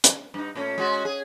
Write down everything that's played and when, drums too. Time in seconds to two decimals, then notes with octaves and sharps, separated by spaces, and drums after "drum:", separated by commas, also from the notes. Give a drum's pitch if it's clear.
0.04 drum: hi-hat
0.34 G2 D#4
0.55 A#2 A3 C#4
0.78 G#3 C#4 F#4
1.05 G#4